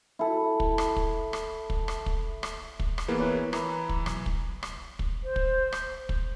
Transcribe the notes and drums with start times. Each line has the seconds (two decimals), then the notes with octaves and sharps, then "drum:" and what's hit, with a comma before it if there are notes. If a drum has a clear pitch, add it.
0.19 E4 A4
0.60 drum: kick
0.78 drum: rim click
0.96 drum: kick
1.33 drum: rim click
1.70 drum: kick
1.88 drum: rim click
2.06 drum: kick
2.43 drum: rim click
2.80 drum: kick
2.98 drum: rim click
3.08 E3 A#3 B3 G#4
3.20 E4 B4 C#5
3.53 E3 A#5 B5, drum: rim click
3.89 drum: kick
4.06 B1, drum: rim click
4.26 drum: kick
4.63 drum: rim click
4.99 drum: kick
5.23 C5
5.36 drum: kick
5.72 drum: rim click
6.09 drum: kick